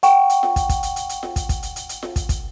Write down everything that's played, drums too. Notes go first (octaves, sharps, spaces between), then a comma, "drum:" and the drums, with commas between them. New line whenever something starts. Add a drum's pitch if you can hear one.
F#5 G5 C#6, drum: hi-hat
drum: hi-hat
drum: snare F4
drum: kick, hi-hat
drum: kick, hi-hat
drum: hi-hat
drum: hi-hat
drum: hi-hat
drum: snare F4
drum: kick, hi-hat
drum: kick, hi-hat
drum: hi-hat
drum: hi-hat
drum: hi-hat
drum: snare F4
drum: kick, hi-hat
drum: kick, hi-hat